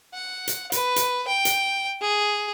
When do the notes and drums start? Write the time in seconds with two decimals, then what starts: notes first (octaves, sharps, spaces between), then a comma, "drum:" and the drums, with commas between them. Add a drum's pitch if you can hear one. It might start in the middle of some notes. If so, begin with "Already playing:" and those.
0.14 F#5
0.48 drum: hi-hat
0.72 B4, drum: hi-hat
0.96 drum: hi-hat
1.28 G5
1.45 drum: hi-hat
2.02 G#4